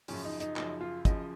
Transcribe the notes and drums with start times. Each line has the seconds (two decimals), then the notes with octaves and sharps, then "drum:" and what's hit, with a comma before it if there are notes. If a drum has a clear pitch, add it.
0.08 F#2 C#3 F3 C#4, drum: open hi-hat
0.25 D#4
0.40 D#4, drum: hi-hat
0.56 F#2 C#3 F3 D#4, drum: clap
0.81 F4
1.05 F#2 C#3 F3 D#5, drum: kick, hi-hat